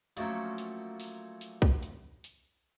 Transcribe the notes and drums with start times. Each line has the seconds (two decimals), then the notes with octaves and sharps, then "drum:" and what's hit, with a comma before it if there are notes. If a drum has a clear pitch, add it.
0.17 F3 F#3 A3 A#3 C#4, drum: hi-hat
0.58 drum: hi-hat
1.00 drum: open hi-hat
1.41 drum: hi-hat
1.62 drum: kick
1.83 drum: hi-hat
2.24 drum: hi-hat